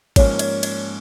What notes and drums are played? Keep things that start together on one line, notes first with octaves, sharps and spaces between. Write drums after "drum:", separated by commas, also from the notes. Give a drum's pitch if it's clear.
G#2 F3 A#3 C#4 C#5, drum: kick, cymbal
D5, drum: cymbal
D5, drum: cymbal